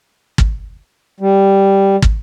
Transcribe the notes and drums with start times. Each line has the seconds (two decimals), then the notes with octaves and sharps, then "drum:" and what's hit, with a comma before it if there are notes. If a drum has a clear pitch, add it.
0.38 drum: kick
1.20 G3
2.02 drum: kick